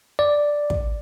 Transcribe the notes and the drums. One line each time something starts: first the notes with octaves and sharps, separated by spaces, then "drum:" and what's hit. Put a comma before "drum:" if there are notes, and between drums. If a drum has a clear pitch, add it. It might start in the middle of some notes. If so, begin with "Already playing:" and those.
D5
drum: kick